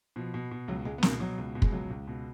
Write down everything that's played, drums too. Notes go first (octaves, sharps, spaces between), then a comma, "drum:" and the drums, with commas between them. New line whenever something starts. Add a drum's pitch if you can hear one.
B2 F3
B2
B2
C#2 F#3
C#2 G#3
B3
B2 A#3, drum: snare
B2 F#3
C#2
B2
G#3, drum: kick
C#2 F#3
C#2
B2